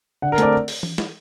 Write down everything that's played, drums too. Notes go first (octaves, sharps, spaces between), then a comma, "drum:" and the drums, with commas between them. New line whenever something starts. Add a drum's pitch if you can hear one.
D3 F#5
A#4
A3 C4 D5, drum: hi-hat
drum: open hi-hat
drum: tom E3
drum: snare